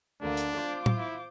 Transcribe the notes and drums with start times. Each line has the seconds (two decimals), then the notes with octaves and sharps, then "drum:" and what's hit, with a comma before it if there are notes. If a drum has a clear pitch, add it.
0.21 D2 D3 A#3 D4
0.37 drum: hi-hat
0.54 F4 C5 D6
0.86 drum: tom A2
0.96 E4